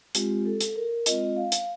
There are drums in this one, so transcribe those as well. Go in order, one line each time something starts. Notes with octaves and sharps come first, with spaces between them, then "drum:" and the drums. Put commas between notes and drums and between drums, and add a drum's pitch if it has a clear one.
G#3 C4 F4 G4, drum: hi-hat
A4
drum: hi-hat
A#4
G#3 C4 F4 D#5, drum: hi-hat
F5
drum: hi-hat